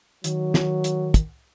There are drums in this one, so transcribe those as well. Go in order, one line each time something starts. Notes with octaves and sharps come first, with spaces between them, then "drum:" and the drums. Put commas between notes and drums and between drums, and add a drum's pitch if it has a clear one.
D#3 F#3, drum: hi-hat
drum: snare
drum: hi-hat
drum: kick, hi-hat